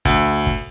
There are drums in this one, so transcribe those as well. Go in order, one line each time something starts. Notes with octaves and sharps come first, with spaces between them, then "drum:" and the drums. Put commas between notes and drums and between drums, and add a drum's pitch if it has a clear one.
D2, drum: kick, hi-hat
drum: kick